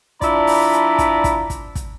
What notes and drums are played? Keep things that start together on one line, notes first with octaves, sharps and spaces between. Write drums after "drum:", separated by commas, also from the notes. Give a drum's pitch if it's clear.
F3 D4 E4 D5 A#5 B5, drum: kick, hi-hat
drum: open hi-hat
drum: hi-hat
drum: kick, hi-hat
drum: kick, hi-hat
drum: kick, hi-hat
drum: kick, hi-hat